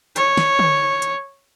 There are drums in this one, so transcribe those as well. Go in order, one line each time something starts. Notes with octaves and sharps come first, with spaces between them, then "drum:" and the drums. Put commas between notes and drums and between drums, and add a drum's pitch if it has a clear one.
C#5, drum: hi-hat
drum: snare
drum: tom D3
drum: hi-hat